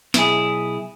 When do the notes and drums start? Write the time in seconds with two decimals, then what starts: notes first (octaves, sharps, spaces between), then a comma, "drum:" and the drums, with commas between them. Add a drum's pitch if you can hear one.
0.14 B1 E4 G#4, drum: snare